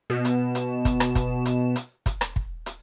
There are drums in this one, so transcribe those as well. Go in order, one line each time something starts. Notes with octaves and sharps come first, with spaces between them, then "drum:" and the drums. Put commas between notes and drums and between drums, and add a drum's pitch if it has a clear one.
B2 E7
drum: hi-hat
drum: hi-hat
drum: kick, hi-hat
drum: rim click
drum: kick, hi-hat
drum: hi-hat
drum: hi-hat
drum: kick, hi-hat
drum: rim click
drum: kick
drum: hi-hat